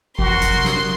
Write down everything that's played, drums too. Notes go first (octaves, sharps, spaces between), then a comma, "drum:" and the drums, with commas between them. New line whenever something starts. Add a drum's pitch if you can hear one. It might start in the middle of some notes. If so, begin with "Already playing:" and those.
F2 E3 F#4 A#4 C6, drum: kick
drum: kick, hi-hat
C3 F#3
drum: snare